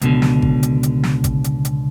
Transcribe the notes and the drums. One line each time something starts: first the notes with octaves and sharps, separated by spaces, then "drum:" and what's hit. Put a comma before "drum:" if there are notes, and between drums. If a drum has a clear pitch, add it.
C#2 B2 D3, drum: hi-hat
drum: snare
drum: kick G#1
drum: hi-hat
drum: hi-hat
drum: snare
drum: kick G#1, hi-hat
drum: hi-hat
drum: hi-hat